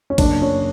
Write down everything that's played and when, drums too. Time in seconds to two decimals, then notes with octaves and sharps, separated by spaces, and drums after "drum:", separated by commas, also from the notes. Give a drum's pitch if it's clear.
0.10 C#4
0.18 F#1 D4, drum: kick, cymbal
0.42 C#4